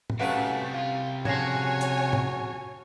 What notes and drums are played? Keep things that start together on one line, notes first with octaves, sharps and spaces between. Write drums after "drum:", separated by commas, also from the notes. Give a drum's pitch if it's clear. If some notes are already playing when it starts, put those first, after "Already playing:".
drum: tom
F#2 C3 G3 A3 B4 F5 F#5 D7
F4 F5
C#3 F3 F#4 C#5 G#5 G#6 A#6 C7, drum: tom
drum: hi-hat
drum: tom